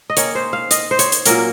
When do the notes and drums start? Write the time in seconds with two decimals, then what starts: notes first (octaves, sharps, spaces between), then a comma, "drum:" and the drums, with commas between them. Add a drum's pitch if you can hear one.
0.10 D#5
0.17 D#3 A#3 C#4 C#5, drum: hi-hat
0.35 C5
0.53 F5
0.71 D#5, drum: hi-hat
0.91 C5
0.99 C#5, drum: hi-hat
1.12 drum: hi-hat
1.26 A#2 F#3 A#3 C#4 A#4, drum: hi-hat